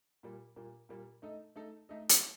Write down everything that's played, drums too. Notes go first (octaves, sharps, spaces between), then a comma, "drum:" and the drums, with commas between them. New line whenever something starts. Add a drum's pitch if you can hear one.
A#2 G3 A#3
A#2 G3 A#3
A#2 G3 A#3
A3 D#4 A4 D#5
A3 D#4 A4 D#5
A3 D#4 A4 D#5
drum: hi-hat